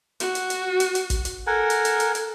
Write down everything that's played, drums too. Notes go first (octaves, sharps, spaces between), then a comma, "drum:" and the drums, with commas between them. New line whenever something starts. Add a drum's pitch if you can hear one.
F#4, drum: hi-hat
drum: hi-hat
drum: hi-hat
drum: hi-hat
drum: hi-hat
drum: kick, hi-hat
drum: hi-hat
A4 A#4 F#5 G#5
drum: hi-hat
drum: hi-hat
drum: hi-hat
drum: hi-hat